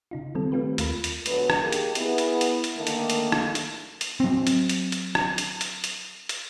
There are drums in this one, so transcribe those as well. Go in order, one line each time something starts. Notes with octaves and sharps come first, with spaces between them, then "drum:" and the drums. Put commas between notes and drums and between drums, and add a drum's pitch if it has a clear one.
C#3 D#4 F4
D#3 G3 C4 A4
A3 C4 F4 G4 B4
D#2 A3 F4 A#4 B5, drum: hi-hat
drum: hi-hat
D3 F#3 G#3 A3 B3, drum: hi-hat
drum: rim click
A#3 D#4 G4 G#4 A#4
drum: hi-hat
B3 E4 G#4, drum: hi-hat
drum: hi-hat
drum: hi-hat
drum: hi-hat
D3 D#3 A3 A#3
drum: hi-hat
drum: hi-hat
drum: rim click
drum: hi-hat
drum: hi-hat
F#3 C4
drum: hi-hat
drum: hi-hat
drum: hi-hat
drum: rim click
drum: hi-hat
drum: hi-hat
drum: hi-hat
drum: hi-hat